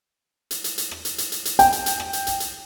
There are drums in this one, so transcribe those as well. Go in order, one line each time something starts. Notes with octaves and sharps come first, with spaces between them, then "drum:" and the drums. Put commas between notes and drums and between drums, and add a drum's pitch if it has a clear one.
drum: hi-hat
drum: hi-hat
drum: hi-hat
drum: rim click
drum: hi-hat
drum: hi-hat
drum: hi-hat
drum: hi-hat
G5, drum: hi-hat
drum: hi-hat
drum: hi-hat
drum: rim click
drum: hi-hat
drum: hi-hat
drum: hi-hat